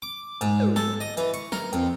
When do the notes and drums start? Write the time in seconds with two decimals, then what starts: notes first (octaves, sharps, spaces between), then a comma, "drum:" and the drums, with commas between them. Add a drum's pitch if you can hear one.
0.02 D6
0.41 G#2, drum: hi-hat
0.60 drum: tom
0.76 A4, drum: snare
1.00 D#5
1.17 E3, drum: hi-hat
1.34 C#6, drum: hi-hat
1.52 A#4, drum: snare
1.73 F2, drum: hi-hat